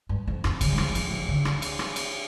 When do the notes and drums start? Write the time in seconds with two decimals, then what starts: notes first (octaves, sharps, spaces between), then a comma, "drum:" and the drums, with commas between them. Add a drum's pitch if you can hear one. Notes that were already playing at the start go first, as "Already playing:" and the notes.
0.09 G2
0.27 F2
0.44 F2, drum: rim click
0.61 D3, drum: cymbal
0.72 G3
0.78 F3, drum: rim click
0.95 F3, drum: cymbal
1.11 F3
1.29 D3
1.45 drum: rim click
1.62 drum: cymbal
1.79 drum: rim click
1.96 drum: cymbal